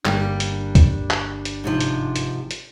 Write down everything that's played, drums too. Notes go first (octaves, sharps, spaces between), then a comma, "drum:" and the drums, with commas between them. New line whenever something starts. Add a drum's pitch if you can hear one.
G1 G3 A#3 D4, drum: clap
drum: hi-hat
drum: kick, hi-hat
drum: clap
drum: hi-hat
G#2 C3 F3
drum: hi-hat
drum: hi-hat
drum: hi-hat